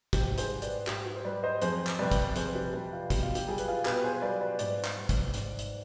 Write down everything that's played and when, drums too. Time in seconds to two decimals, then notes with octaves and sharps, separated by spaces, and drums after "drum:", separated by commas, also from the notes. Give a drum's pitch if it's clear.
0.13 G#2 G4, drum: kick, hi-hat
0.38 G#4 C5, drum: hi-hat
0.50 G3
0.62 B4 D5, drum: hi-hat
0.87 G#2 G4, drum: clap
1.06 G4
1.16 C5
1.24 G3 B4 D5
1.43 C5 D#5
1.62 F2 G#4 C5, drum: hi-hat
1.87 drum: clap
1.99 C3 G3 B4 D5
2.11 drum: kick, hi-hat
2.36 F2 G#4 C5, drum: hi-hat
2.55 G4 B4
2.73 C3 G3 G4
2.93 F4
3.10 B2 G4, drum: kick, hi-hat
3.23 F4
3.35 G4, drum: hi-hat
3.47 G3 G#4
3.58 B4, drum: hi-hat
3.68 F4 G#4
3.85 B2 G4 B4, drum: clap
4.04 G#4 C5
4.22 G3 B4 D5
4.41 B4 D5
4.59 G#2 B4 D5, drum: hi-hat
4.84 drum: clap
4.97 G3
5.09 drum: kick, hi-hat
5.34 G#2, drum: hi-hat
5.59 drum: hi-hat